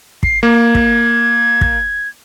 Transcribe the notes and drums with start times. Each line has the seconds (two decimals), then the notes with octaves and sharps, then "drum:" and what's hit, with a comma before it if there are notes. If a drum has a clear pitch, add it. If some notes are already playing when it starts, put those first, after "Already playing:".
0.23 C7, drum: kick
0.43 A#3 G#6
0.75 drum: kick
1.61 drum: kick